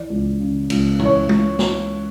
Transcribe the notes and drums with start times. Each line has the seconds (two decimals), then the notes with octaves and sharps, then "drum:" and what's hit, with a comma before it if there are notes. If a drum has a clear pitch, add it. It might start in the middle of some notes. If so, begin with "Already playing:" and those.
Already playing: E3 D5
0.10 C#2
0.40 C#3
0.70 C#2, drum: cymbal
0.99 E3, drum: tom
1.05 C#5
1.29 drum: tom
1.59 drum: snare